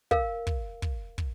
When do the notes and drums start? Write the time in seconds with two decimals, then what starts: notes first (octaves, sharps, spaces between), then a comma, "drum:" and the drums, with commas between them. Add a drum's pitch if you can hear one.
0.11 A#4 F5, drum: kick
0.47 drum: kick
0.82 drum: kick
1.18 drum: kick